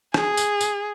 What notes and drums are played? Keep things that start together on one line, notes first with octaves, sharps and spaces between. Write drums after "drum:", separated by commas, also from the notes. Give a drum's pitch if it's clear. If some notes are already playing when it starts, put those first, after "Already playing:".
G#4, drum: rim click
drum: tambourine
drum: tambourine